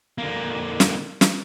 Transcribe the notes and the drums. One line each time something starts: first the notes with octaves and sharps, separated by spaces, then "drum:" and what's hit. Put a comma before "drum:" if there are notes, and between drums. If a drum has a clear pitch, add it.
D3 A#3
drum: snare
drum: snare